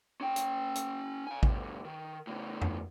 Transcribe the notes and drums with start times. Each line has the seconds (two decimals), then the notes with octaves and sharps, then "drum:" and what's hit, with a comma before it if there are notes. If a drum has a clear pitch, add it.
0.21 C#4 G5
0.36 drum: hi-hat
0.75 drum: hi-hat
1.27 F5 G#5
1.43 D2 G2, drum: kick A1
1.85 D#3
2.27 A2 C#3
2.62 drum: tom F2